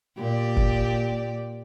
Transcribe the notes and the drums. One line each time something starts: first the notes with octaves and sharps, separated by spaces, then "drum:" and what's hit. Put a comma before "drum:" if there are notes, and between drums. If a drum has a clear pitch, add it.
A#2 G4 D5
drum: kick